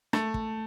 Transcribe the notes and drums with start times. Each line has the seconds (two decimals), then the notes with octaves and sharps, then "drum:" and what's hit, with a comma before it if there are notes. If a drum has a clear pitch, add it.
0.13 A3, drum: rim click
0.34 drum: kick